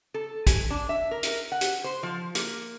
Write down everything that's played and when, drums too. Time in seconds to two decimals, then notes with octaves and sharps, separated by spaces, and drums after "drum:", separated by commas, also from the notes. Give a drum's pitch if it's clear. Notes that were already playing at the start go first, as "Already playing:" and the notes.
0.14 A4
0.47 G#5, drum: kick, hi-hat
0.71 D4
0.89 E5
1.11 A#4
1.23 drum: hi-hat
1.52 F#5
1.61 drum: hi-hat
1.84 C5
2.03 F3
2.35 A#3, drum: hi-hat